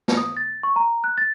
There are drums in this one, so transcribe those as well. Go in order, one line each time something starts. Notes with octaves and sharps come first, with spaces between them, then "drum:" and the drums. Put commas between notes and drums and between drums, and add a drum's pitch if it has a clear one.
drum: snare
D#6
A6
C#6
A#5
F#6
A6